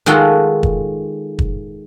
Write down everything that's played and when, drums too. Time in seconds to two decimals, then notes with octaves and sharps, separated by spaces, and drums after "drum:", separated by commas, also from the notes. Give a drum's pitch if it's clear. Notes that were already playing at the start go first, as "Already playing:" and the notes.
0.06 D#3 G#3 F4 F#4 A4
0.63 drum: kick
1.39 drum: kick